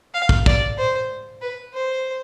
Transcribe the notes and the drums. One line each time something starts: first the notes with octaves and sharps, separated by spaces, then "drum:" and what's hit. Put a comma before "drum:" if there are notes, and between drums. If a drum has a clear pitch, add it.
F5
drum: kick
D5, drum: kick
C5
B4
C5